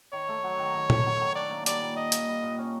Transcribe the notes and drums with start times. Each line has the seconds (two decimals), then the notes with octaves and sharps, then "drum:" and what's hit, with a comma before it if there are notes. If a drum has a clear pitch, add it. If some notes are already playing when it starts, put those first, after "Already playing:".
0.13 D#3 C#5
0.28 A3
0.44 F#3
0.59 D#3
0.75 D#3
0.90 A3, drum: tom A#2
1.06 F#3
1.21 D#3
1.35 D4 D5
1.51 A#3
1.66 G3 D5, drum: hi-hat
1.82 A#2
1.97 D4 D#5
2.12 A#3, drum: hi-hat
2.28 G3
2.42 A#2
2.58 C#4